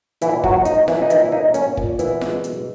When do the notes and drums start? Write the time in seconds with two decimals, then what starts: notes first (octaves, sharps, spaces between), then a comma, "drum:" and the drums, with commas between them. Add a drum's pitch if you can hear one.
0.21 A#2 E3 E4, drum: hi-hat
0.44 F#3 A#3 F#4, drum: kick
0.65 A#3 D#4, drum: hi-hat
0.88 A#2 E3 E4, drum: snare F4
1.02 D#4
1.10 A#2 E3 E4, drum: hi-hat
1.25 E4
1.32 A#3 D#4
1.54 A#3 C#4, drum: hi-hat
1.77 A#2, drum: kick
1.99 E3 B3 E4, drum: hi-hat
2.21 G#3, drum: snare F4
2.44 B2, drum: hi-hat